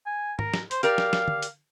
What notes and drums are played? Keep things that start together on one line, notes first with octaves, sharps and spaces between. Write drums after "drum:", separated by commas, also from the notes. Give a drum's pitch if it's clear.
G#5
A#4, drum: tom
drum: snare
C5, drum: hi-hat
G4 A#4 D5 F5, drum: hi-hat
drum: snare
drum: snare
drum: tom
drum: hi-hat